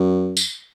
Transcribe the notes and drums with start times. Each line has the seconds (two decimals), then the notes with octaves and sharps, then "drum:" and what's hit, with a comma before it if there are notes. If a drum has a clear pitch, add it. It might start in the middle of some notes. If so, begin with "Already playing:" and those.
Already playing: F#2
0.37 drum: tambourine